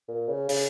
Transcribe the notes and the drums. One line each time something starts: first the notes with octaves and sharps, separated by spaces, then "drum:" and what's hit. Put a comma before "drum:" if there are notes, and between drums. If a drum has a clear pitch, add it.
A#2
C#3
C#3, drum: open hi-hat